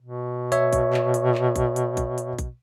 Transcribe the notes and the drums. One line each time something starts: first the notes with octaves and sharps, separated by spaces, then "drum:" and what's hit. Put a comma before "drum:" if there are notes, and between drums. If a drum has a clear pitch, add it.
B2
C#5 E5, drum: hi-hat
drum: kick A#1, hi-hat
drum: clap
drum: hi-hat
drum: clap
drum: kick A#1, hi-hat
drum: hi-hat
drum: kick A#1, hi-hat
drum: hi-hat
drum: kick A#1, hi-hat